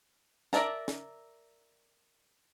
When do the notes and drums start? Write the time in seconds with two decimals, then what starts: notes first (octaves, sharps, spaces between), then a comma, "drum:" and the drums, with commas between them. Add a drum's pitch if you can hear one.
0.53 A#4 D5 E5 A5 A#5, drum: snare
0.88 drum: snare